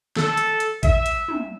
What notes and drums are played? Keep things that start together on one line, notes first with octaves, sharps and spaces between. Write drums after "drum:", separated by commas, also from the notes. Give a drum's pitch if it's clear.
A4, drum: snare
drum: hi-hat
drum: hi-hat
E5, drum: kick A1, hi-hat
drum: hi-hat
drum: tom